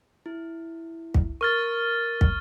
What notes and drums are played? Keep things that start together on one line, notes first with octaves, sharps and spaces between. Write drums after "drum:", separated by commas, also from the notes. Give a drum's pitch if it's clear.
E4
drum: kick
A#4 C#6 F6 A6
drum: kick